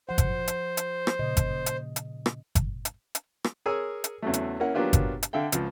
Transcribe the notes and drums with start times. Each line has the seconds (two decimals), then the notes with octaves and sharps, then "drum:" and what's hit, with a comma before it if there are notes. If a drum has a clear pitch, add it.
0.09 F3 C5 F#5
0.18 drum: kick G1, hi-hat
0.48 drum: hi-hat
0.77 drum: hi-hat
1.07 drum: rim click
1.19 A#2 C#3 D#5
1.37 drum: kick G1, hi-hat
1.66 drum: hi-hat
1.96 drum: hi-hat
2.26 drum: rim click
2.55 drum: kick G1, hi-hat
2.85 drum: hi-hat
3.15 drum: hi-hat
3.44 drum: rim click
3.66 G#4 A#4 C#5 G#5 E6
4.04 drum: hi-hat
4.22 E2 C#3 F#3 A3
4.34 drum: hi-hat
4.60 A#3 C#4 E4 A#4 F#5
4.74 F#3 A#3 B3 D4 F4 G4
4.93 drum: kick G1, hi-hat
5.23 drum: hi-hat
5.33 D3 E5 F5 G5
5.52 C#2 F3, drum: hi-hat